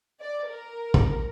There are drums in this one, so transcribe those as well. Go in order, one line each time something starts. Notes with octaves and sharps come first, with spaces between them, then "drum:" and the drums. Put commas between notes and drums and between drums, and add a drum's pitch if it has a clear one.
D5
A#4
drum: kick